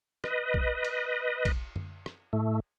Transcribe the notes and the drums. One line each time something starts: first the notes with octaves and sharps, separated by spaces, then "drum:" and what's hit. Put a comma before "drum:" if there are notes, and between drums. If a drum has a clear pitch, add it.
B4 D#5, drum: rim click
drum: kick A#1
drum: cymbal
drum: kick A#1, cymbal
drum: tom F#2
drum: rim click
A2 A3